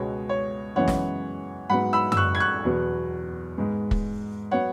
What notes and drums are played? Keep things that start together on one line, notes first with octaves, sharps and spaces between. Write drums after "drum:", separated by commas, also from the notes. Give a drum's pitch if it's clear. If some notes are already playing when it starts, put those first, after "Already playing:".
Already playing: C#2 B2 G#3 B3 C#5
C#5
F#2 C#3 E3 G#3 B3 C#5 F#5
drum: snare
G#2 F#3 B3 F#5 B5
B5 E6
E6, drum: tom F#2
C#6 F#6
G#6
C#6 F#6
E2 B2 F#3 B3
G#2 G#3 B3
drum: kick
F#3 B3 C#5 F#5